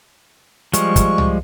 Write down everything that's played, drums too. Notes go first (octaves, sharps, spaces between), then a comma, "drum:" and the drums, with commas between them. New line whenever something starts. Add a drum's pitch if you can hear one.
F3 G3 G#3 C#6, drum: hi-hat
drum: kick, hi-hat
drum: tom C2